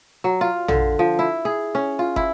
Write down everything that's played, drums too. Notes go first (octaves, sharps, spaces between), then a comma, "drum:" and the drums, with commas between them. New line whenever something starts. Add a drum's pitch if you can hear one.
F#3
F4
D3, drum: tom A#1
F3
E4
G#4
C#4
F4
E4, drum: kick